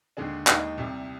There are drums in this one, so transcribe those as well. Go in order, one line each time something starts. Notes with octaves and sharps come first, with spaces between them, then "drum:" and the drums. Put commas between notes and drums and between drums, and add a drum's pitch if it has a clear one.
D#2 D3 G#3 D4 G#4
D#2 D#3 G#3 D#4, drum: clap
C2 C3 G3